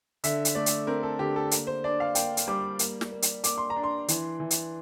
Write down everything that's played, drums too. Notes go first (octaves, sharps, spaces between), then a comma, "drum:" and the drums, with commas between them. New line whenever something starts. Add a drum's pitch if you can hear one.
D3 E5, drum: hi-hat
drum: hi-hat
A3 D5
drum: hi-hat
C4 A#4
A4
D3 G4
A4
A#3 A#4, drum: hi-hat
C5
D4 D5
F5
A#3 G5, drum: hi-hat
drum: hi-hat
G3 D6
A#3, drum: hi-hat
drum: snare
A#3
drum: hi-hat
A#3 D6, drum: hi-hat
C6
A#5
D4
C6
E3, drum: hi-hat
E3
drum: hi-hat